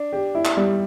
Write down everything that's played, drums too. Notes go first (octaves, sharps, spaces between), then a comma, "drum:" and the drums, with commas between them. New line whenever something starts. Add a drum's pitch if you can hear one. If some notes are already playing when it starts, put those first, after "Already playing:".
Already playing: D4
G4
E4
drum: clap
G3